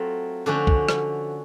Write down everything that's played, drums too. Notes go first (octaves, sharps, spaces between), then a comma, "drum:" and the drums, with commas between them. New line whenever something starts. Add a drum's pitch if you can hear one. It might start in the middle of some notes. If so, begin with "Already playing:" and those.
Already playing: F#3 A3 C4 F4
D3 F3 A3 C#4 F#4
drum: kick
drum: rim click